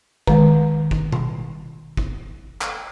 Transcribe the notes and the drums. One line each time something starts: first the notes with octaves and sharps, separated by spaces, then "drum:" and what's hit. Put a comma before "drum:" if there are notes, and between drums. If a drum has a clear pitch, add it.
D#3 G#3, drum: kick G1
drum: kick G1
drum: tom B2
drum: kick G1
drum: clap